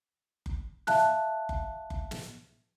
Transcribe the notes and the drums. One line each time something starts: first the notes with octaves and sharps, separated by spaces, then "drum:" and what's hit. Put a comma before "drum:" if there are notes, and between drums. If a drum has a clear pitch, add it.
drum: kick F#1
E5 F5 A5 F#6, drum: snare
drum: kick F#1
drum: kick F#1
drum: snare